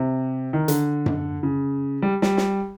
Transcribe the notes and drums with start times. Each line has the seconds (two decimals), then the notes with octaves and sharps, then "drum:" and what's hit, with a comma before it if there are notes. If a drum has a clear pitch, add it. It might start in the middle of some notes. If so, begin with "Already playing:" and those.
Already playing: C3
0.53 D#3
0.68 D3, drum: hi-hat
1.06 drum: tom F#2
1.43 C#3
2.02 G3
2.22 G3, drum: snare
2.37 drum: snare